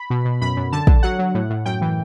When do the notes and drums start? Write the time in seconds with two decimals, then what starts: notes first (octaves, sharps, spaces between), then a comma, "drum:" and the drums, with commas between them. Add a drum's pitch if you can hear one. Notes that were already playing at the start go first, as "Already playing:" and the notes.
Already playing: B5
0.10 B2
0.25 B2
0.41 F#2 B5
0.57 F#2
0.72 D3 A5
0.87 D3, drum: kick
1.03 F#3 F#5
1.19 F#3
1.35 A2
1.50 A2
1.66 F#2 G5
1.81 E3